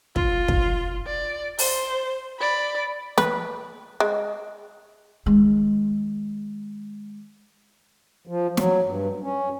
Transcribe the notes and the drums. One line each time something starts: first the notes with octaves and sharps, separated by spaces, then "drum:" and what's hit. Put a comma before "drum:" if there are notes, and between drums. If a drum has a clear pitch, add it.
F4, drum: kick
drum: kick
D5
C5, drum: open hi-hat
D5 B5
B4, drum: snare
G#3
D#3 G#3
F3
F#3, drum: snare
G2
C#4